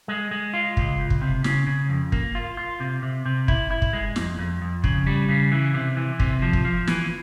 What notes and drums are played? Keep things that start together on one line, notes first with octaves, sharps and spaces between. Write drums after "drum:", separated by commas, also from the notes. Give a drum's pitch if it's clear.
G#3
G#3
F4
C#2, drum: kick
C#2
drum: kick
C3
C#3, drum: snare
C#3
F2
A#3, drum: kick
F4
F4
C3
C3
C3
E4, drum: kick
E4
drum: kick
G#3
F2, drum: snare
F2
F2
C#3, drum: kick
G3
C#3
E3
C3
E3
C3, drum: kick
F3
drum: kick
F3
E3, drum: snare